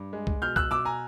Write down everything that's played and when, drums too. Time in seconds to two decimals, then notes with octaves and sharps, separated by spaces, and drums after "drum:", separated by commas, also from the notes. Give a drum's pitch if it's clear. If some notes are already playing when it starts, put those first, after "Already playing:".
Already playing: G2
0.13 G#3
0.27 drum: kick C2
0.42 B2 F6 G6
0.56 E6 F#6, drum: kick C2
0.71 B2 D6 E6
0.85 G#5 A#5